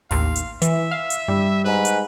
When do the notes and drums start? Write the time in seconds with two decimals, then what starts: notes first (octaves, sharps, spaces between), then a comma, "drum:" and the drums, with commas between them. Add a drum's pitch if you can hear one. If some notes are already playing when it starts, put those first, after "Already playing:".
0.11 A1 D#2 F5 C6, drum: open hi-hat
0.36 drum: hi-hat
0.62 E3 E5, drum: hi-hat
0.91 F5
1.10 drum: hi-hat
1.28 G2 G3
1.65 G#2 B4
1.85 drum: hi-hat